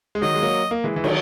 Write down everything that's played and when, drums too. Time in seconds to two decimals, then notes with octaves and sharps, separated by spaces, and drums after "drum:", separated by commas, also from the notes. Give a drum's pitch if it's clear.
0.15 G#3
0.22 D#3 F#3 D#5
0.35 G#3
0.42 F#3 A#3
0.71 A#3
0.84 E3 G#3
0.96 E3
1.04 D#3 F#3, drum: cymbal